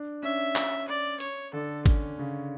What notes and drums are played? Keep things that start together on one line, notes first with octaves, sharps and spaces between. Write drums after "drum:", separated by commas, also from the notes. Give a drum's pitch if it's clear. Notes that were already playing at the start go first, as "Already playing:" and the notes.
Already playing: D4
C#4 E5
drum: clap
D5
C#5, drum: hi-hat
D3 A4
C#4, drum: kick G#1, hi-hat
C#3